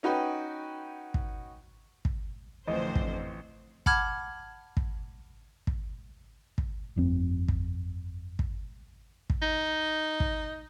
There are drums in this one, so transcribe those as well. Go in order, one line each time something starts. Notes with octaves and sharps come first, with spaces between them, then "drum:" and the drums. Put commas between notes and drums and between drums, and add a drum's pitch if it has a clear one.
C#4 D#4 F#4 B4 G5
drum: kick
drum: kick
A1 F2 D3 C4 C5 D#5
drum: kick
F#5 A5 B5 D6 F6 G#6, drum: kick
drum: kick
drum: kick
drum: kick
G1 F2 C4
drum: kick
drum: kick
drum: kick
D#4
drum: kick